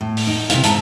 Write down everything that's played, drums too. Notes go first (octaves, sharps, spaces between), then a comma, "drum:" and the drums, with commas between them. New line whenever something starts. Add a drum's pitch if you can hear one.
A2
drum: open hi-hat
D#4
C3 E3 E4 F5, drum: hi-hat
G#2 E5 A5 A#5, drum: hi-hat